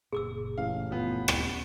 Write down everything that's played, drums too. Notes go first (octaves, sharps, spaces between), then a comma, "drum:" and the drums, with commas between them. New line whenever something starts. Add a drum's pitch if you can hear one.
F#1 A#2 G#4 D6 E6
A1 F5
F3 B3
drum: rim click